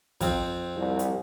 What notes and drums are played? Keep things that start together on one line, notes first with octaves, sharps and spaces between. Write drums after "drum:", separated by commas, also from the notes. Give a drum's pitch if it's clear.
F2 C4, drum: kick, hi-hat
C2
drum: hi-hat